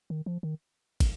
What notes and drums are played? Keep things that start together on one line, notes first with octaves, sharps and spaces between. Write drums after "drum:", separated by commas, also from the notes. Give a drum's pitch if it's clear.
D#3
F3
D#3
drum: kick, cymbal